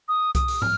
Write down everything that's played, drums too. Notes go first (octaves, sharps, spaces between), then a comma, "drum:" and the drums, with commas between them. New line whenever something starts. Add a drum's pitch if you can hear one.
D#6
D#6, drum: kick C2, hi-hat
drum: open hi-hat
F6, drum: tom